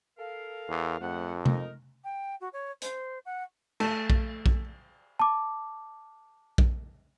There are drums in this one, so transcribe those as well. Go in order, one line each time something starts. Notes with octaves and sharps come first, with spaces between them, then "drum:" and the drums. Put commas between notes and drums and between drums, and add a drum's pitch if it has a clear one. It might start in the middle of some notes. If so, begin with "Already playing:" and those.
A4 A#4 F5
E2
F2 G#2 A3 F#5
D#4 A#4, drum: tom C3
G5
F#4
C#5
C5, drum: hi-hat
F#5
A3, drum: cymbal
drum: kick A#1
drum: kick A#1
A5 D6
drum: kick A#1